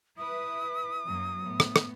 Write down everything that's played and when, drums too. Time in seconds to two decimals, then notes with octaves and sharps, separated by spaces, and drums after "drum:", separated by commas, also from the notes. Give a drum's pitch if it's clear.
0.18 E4 B4 D#6
1.05 F#2 F#3 A#3
1.44 A2 B3
1.60 drum: rim click
1.76 drum: rim click